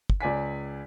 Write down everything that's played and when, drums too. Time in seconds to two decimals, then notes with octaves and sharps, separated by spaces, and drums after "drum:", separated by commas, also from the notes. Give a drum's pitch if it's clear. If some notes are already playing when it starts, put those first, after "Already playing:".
0.10 drum: kick
0.21 C#2 D5 G#5 B6